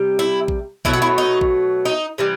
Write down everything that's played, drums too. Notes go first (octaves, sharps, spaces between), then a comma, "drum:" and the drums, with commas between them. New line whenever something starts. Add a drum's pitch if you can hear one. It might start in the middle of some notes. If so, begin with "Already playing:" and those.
Already playing: C3 G3
E4
drum: kick A#1
B2 F#3 A3 E4, drum: kick A#1
F#4
E4
D#4
drum: kick A#1
D#4
C3 E3 G3